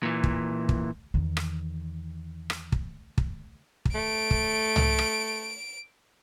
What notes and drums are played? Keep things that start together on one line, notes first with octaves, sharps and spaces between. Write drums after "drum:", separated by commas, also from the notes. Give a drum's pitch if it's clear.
A#2 E3
drum: kick
drum: kick
E2 D#3
drum: rim click
drum: rim click
drum: kick
drum: kick
drum: kick
A3 D7
drum: kick
drum: tom
drum: rim click